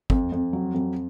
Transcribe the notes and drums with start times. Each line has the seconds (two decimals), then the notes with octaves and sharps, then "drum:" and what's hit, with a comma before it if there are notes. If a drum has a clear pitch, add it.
0.10 F2, drum: kick
0.32 F2
0.53 F#3
0.74 F2